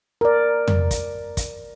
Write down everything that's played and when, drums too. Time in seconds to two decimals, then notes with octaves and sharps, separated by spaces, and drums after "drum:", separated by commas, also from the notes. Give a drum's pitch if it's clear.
0.21 A#4 D5
0.68 drum: tom
0.91 drum: kick, hi-hat
1.37 drum: kick, hi-hat